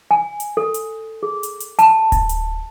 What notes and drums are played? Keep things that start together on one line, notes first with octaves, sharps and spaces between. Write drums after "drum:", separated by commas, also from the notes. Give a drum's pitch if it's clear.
G#5
drum: hi-hat
A4
drum: hi-hat
G#4
drum: hi-hat
drum: hi-hat
A5, drum: hi-hat
drum: kick D1, hi-hat
drum: hi-hat